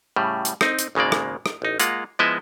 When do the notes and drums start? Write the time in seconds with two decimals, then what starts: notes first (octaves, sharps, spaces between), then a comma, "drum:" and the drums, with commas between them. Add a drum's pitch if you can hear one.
0.16 A2 C#3 G3
0.45 drum: hi-hat
0.61 C4 D#4, drum: rim click
0.79 drum: hi-hat
0.95 G#1 C#3 G#3 A#3 D5
1.12 drum: rim click
1.46 drum: rim click
1.62 A1 D#4
1.80 G#3 A#3 F4 F#5, drum: hi-hat
2.19 F3 G#3 B3 E4 D#5 E5